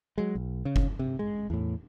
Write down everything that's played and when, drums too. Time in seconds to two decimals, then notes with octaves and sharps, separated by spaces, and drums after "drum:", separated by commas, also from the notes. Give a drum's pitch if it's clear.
0.18 F#3 G#3
0.35 B1
0.65 C#3
0.76 drum: kick F#1
0.99 C3
1.19 G#3
1.50 E2 A2